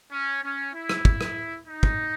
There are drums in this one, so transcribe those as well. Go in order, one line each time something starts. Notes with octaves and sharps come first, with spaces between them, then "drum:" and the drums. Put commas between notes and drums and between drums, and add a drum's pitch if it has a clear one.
C#4
C#4
E4
drum: rim click
drum: kick
drum: rim click
D#4
drum: kick